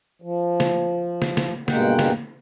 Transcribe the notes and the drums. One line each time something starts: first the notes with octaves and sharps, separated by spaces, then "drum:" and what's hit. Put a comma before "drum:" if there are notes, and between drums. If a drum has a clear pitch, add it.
F3
drum: snare
drum: snare
drum: snare
G2 B2 G#3 A#3 F#5 G5, drum: snare
drum: snare